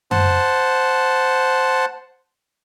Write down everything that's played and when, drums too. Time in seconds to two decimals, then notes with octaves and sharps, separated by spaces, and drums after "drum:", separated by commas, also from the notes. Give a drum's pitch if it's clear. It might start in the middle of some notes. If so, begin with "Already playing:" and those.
0.11 C5 F#5 A5, drum: tom F#2